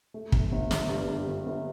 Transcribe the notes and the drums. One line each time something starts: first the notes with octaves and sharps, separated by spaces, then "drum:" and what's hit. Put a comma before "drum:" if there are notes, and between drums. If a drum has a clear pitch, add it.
A3
G1, drum: kick
G1
G1, drum: snare
G2
G2
G1
G1